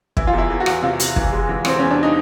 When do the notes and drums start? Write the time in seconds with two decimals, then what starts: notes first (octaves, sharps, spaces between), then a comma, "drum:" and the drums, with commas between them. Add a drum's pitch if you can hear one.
0.17 E3 E4, drum: kick
0.27 F4
0.33 E2 E4
0.50 E2
0.60 F#4
0.66 E2, drum: rim click
0.82 C3 F4
1.00 C3, drum: hi-hat
1.16 E3, drum: kick
1.32 G#3
1.49 E3
1.65 E3 C4, drum: rim click
1.79 E2 C#4
1.91 D4
2.03 D#4